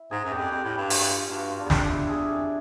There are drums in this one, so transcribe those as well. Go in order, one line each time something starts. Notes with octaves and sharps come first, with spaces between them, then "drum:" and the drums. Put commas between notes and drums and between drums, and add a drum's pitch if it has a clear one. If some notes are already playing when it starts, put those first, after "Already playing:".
Already playing: E4
G#2 G#4
F#2
E2 G4
F2
F2 G4
A2
G2
F#4, drum: open hi-hat
F4
G2 F#4
F#4
F4
D4
E2
F2 D4, drum: snare
E2 E4
E2 G#4
F2